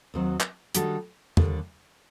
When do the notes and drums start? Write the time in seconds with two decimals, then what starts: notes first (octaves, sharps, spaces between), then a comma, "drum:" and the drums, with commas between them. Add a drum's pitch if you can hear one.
0.14 D#2 D#3 F#3 C4 F#4
0.40 drum: clap
0.75 D#3 G3 D4 F#4 A4, drum: hi-hat
1.37 D#2 D3 G3, drum: tom E2